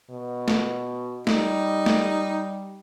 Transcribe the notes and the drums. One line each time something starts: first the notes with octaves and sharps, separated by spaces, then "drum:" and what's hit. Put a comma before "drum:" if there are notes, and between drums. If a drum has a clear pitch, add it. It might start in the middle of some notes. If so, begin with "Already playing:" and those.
B2
drum: snare
G3 D#4, drum: snare
drum: snare